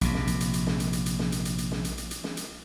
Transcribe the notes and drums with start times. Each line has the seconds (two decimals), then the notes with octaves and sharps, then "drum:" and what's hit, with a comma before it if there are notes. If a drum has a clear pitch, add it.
0.01 A#1 C3, drum: hi-hat
0.14 drum: snare
0.27 drum: hi-hat
0.40 drum: hi-hat
0.54 drum: hi-hat
0.67 drum: snare
0.80 drum: hi-hat
0.93 drum: hi-hat
1.06 drum: hi-hat
1.19 drum: snare
1.32 drum: hi-hat
1.45 drum: hi-hat
1.58 drum: hi-hat
1.71 drum: snare
1.85 drum: hi-hat
1.98 drum: hi-hat
2.11 drum: hi-hat
2.24 drum: snare
2.37 drum: hi-hat